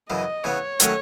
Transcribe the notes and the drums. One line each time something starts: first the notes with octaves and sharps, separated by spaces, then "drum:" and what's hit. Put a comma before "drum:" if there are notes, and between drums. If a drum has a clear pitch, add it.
F#2 C#3 E3 D#5
C#3 E3 B3 C#5
D#3 F#3 A3 C#4, drum: hi-hat